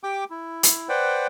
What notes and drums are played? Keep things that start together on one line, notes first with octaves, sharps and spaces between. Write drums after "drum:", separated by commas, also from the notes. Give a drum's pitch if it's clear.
G4 G5 D6
E4
drum: hi-hat
B4 C5 D5 F#5 G5